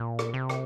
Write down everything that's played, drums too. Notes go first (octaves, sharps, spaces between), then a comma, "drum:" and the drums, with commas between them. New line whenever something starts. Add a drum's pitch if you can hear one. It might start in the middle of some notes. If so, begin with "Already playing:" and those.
Already playing: A#2
drum: rim click
C3
drum: rim click